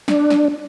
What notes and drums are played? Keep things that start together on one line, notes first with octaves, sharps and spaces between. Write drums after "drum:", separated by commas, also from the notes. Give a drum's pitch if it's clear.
D4, drum: snare
drum: snare